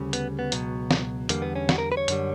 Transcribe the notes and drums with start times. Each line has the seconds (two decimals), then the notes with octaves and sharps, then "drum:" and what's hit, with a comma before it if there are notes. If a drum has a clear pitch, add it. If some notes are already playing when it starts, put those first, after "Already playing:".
Already playing: D2 C#3 G3
0.13 B3, drum: hi-hat
0.39 B3
0.52 C#2 B2 F#3, drum: hi-hat
0.91 drum: snare
1.29 E2 D3 G3 A#3, drum: hi-hat
1.42 B3
1.56 C#4
1.69 F#4, drum: snare
1.78 A#4
1.92 B4
1.97 C#5
2.08 F#2 D3 G3, drum: hi-hat